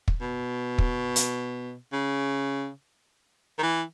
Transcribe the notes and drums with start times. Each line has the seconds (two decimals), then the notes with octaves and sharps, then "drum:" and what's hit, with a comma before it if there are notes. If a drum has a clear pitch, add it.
0.08 drum: kick
0.21 B2
0.78 drum: kick
1.16 drum: hi-hat
1.93 C#3
3.59 D#3
3.63 E3